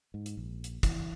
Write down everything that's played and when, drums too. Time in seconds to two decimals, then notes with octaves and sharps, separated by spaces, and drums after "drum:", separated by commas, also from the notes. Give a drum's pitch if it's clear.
0.14 G#2
0.26 drum: hi-hat
0.37 A#1
0.64 drum: hi-hat
0.83 E3, drum: kick, hi-hat